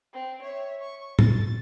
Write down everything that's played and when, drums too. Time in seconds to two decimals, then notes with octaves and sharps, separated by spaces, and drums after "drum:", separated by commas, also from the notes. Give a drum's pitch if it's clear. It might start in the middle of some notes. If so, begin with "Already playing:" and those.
0.13 C4
0.42 C#5 E5
0.81 C#6
1.19 A6, drum: tom